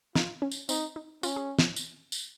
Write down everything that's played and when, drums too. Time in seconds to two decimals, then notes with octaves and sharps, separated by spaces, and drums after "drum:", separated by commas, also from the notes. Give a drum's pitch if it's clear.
0.15 D#4 F4, drum: snare
0.42 C#4
0.51 drum: tambourine
0.69 C4 D#4, drum: tambourine
0.96 D#4
1.23 C#4 F4, drum: tambourine
1.36 G#4
1.59 drum: snare
1.76 drum: tambourine
2.12 drum: tambourine